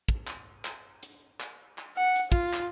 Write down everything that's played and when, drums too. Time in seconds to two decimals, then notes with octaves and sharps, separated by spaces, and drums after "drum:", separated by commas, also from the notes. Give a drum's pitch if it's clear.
0.08 drum: kick
0.27 drum: clap
0.65 drum: clap
1.03 drum: hi-hat
1.40 drum: clap
1.78 drum: clap
1.97 F#5
2.16 drum: hi-hat
2.32 F4, drum: kick
2.53 drum: clap